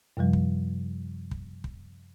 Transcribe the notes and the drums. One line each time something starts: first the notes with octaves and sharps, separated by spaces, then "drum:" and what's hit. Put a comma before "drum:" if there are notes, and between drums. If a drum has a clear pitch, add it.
F#2 C3 F3 G3
drum: kick
drum: kick
drum: kick